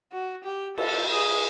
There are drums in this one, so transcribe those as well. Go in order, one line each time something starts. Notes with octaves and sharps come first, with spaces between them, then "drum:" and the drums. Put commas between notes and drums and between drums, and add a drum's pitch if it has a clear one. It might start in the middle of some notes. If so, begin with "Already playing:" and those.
F#4
G4
A4, drum: cymbal
G#4